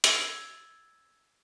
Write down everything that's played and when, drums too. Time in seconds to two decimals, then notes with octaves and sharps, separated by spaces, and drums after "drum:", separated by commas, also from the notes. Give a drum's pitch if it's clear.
0.04 E6 G#6 A6, drum: hi-hat